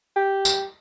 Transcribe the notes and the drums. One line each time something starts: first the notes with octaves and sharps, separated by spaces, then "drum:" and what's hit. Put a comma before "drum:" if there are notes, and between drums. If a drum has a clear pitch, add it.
G4
drum: tambourine